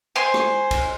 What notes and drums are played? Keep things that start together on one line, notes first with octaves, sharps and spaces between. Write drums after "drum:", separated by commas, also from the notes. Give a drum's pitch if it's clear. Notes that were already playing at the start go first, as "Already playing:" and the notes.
C5 G#5 C6
drum: rim click
drum: kick C#2, cymbal